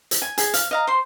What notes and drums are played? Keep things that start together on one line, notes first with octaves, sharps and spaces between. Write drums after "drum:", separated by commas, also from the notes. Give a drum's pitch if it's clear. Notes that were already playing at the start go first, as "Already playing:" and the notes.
drum: hi-hat
G#5
G#4 G#5, drum: hi-hat
F5, drum: hi-hat
D#5 F5 A#5
C5 C6